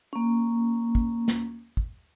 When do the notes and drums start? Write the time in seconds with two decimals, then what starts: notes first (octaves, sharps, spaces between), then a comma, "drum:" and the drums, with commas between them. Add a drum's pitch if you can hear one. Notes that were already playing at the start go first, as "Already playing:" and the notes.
0.13 A#3 C#4
0.95 drum: kick
1.28 drum: snare
1.77 drum: kick